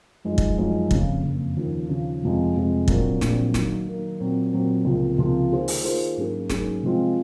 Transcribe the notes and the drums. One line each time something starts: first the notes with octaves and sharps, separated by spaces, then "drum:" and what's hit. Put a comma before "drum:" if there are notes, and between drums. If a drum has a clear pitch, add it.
F#2 F3 G#3 D#4
drum: kick
F#2 F3 G#3 D#4
F#1 F2 C#3, drum: kick
F#1 F2 C#3
D#2 C#3 F3
D#2 C#3 F3
F1 F2 C3 F3 G#3
F1 F2 C3 F3 G#3
A#1 A#2 F#3 C4, drum: kick
A#1 A#2 F#3 C4, drum: snare
D#3 F#3 A#3, drum: snare
D#3 F#3 A#3
A#2 F#3 C4
A#2 F#3 C4
C#2 C3 F3 A#3 F4
C#2 C3 F3 A#3 F4
D#3 A#3 F4 G#4 C5
drum: open hi-hat
D#3 A#3 F4 G#4 C5
G#2 F#3 A#3 C#4 G#4
G#2 F#3 A#3 C#4 G#4, drum: snare
C3 F3 G#3 C4 F4